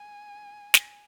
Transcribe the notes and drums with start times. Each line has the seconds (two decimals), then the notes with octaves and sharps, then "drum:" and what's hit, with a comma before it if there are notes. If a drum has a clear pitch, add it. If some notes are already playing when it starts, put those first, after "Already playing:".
Already playing: G#5
0.74 drum: snare